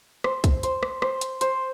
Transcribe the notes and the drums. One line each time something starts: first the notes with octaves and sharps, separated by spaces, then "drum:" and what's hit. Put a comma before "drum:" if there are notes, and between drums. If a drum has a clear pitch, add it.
C5, drum: rim click
drum: kick, hi-hat
C5, drum: hi-hat
drum: rim click
C5, drum: rim click
drum: hi-hat
C5, drum: hi-hat